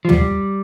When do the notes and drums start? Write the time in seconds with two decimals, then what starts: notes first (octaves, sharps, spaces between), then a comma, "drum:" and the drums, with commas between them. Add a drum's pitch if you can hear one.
0.05 F3
0.09 G3, drum: tom